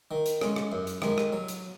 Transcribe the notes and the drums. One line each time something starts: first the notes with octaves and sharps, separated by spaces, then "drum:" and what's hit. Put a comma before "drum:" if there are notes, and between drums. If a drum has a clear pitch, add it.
D#3
drum: hi-hat
G#3 C#4, drum: rim click
drum: rim click
F#2
drum: hi-hat
D#3 G#3, drum: rim click
drum: rim click
F#3
drum: hi-hat